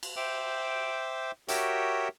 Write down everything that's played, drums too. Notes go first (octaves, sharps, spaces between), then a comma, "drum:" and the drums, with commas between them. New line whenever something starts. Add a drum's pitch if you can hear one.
drum: cymbal
C5 E5 G5 D6
F#4 G4 A#4 C#5 E5 G5, drum: hi-hat